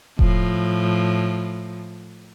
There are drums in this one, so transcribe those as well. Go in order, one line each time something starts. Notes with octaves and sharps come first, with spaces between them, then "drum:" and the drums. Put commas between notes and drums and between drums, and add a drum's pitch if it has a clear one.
A2 F3, drum: kick E1